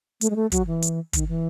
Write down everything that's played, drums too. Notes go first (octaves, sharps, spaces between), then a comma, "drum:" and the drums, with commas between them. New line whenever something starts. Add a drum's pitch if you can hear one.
A3, drum: hi-hat
G#3
A3
F#3, drum: kick, hi-hat
E3
drum: hi-hat
D#3, drum: kick, hi-hat
E3